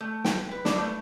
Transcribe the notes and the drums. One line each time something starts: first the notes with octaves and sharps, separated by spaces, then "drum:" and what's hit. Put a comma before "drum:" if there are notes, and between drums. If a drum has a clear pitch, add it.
A3
G5, drum: snare
B4
D4, drum: snare
A3